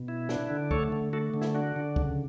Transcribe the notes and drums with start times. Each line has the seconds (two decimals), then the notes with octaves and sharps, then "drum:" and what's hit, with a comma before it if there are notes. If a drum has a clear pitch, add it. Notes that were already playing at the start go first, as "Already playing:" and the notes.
Already playing: B2
0.08 E4
0.29 D4, drum: snare
0.50 D3
0.71 A3 A4 C#5, drum: kick
0.92 D3
1.13 A3 F#4 A4
1.34 D3
1.42 E4, drum: snare
1.55 D4 F#4
1.76 D3
1.96 C#3, drum: kick